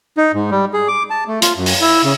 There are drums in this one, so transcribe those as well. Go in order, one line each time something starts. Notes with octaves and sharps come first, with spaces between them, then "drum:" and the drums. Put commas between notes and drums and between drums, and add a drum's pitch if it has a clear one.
D#4
G#2
G3
G#4
D6
A5
A3
F4, drum: hi-hat
F#2
drum: open hi-hat
E4
C#3